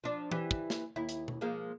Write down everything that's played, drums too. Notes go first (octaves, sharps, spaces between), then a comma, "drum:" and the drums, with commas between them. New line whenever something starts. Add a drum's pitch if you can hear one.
F3 D4
E3 G4, drum: tom
drum: kick
drum: snare
D#2 E4
drum: hi-hat
drum: tom B2
F3 G#3 A#3